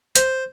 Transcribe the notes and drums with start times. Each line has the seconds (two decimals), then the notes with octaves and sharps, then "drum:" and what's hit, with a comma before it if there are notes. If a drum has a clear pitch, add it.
0.15 C5, drum: hi-hat